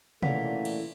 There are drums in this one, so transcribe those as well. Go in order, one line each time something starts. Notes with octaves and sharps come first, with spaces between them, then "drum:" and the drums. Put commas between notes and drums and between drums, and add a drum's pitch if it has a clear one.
A#2 E3 A3 C#4 D4 F5 F#5 B6, drum: tom
drum: cymbal